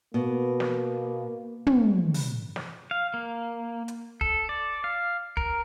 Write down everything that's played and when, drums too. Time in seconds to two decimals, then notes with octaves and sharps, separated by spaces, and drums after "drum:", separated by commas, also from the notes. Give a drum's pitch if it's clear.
0.14 B2 A#3
0.60 drum: snare
1.67 drum: tom
2.14 drum: open hi-hat
2.56 drum: snare
2.91 F5
3.14 A#3
3.88 drum: hi-hat
4.21 A4, drum: kick
4.49 D5
4.84 F5
5.37 A#4, drum: kick